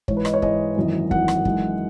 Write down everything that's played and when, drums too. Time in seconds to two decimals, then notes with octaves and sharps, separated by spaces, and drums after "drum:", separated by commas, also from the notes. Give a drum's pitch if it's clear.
0.08 G#2 E3 G#3 C#5, drum: kick
0.17 B4
0.25 D#5, drum: rim click
0.33 C#5
0.42 G#2 E3 G#3 D#5, drum: kick
0.76 G#1 F#2 E3
1.11 G#1 F#2 E3 F#5, drum: kick
1.28 drum: rim click
1.45 F#2 E3 G#3 D#4, drum: kick